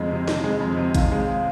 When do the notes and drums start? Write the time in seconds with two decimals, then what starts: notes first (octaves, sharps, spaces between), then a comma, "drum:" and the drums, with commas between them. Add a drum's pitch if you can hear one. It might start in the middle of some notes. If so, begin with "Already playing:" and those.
Already playing: F2 D#3 G#3 D#5
0.11 C3
0.28 D#3, drum: snare
0.44 G#3
0.60 F2
0.77 C3
0.95 D#3 F5, drum: kick A1, hi-hat
1.12 G#3
1.22 F5